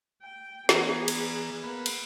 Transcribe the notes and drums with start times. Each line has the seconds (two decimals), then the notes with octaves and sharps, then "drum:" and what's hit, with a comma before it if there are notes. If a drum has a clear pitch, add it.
0.22 G5
0.69 E3 B3 G#4 D5 A#5, drum: snare
1.08 drum: cymbal
1.64 A#3 B3 B4
1.86 drum: cymbal